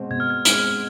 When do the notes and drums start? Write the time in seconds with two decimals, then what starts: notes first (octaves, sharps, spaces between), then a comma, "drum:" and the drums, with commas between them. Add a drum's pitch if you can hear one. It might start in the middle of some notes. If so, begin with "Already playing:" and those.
Already playing: B2 G#3 C4
0.11 B2 G#6
0.20 F6
0.30 G#6
0.45 G#3 C4, drum: hi-hat